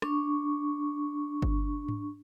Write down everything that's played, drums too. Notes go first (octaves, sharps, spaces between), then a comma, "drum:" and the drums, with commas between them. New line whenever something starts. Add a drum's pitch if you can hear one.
D4 C#6, drum: rim click
drum: kick G1
drum: tom G#2